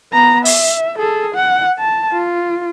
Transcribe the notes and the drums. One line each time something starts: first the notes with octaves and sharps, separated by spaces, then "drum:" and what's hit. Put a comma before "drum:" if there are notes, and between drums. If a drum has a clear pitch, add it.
B3 A#5
E5, drum: open hi-hat
G#4 A4
F#5
A5
F4